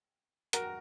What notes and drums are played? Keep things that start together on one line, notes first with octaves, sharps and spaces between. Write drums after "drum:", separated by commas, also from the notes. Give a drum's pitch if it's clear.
F#4 A#4, drum: hi-hat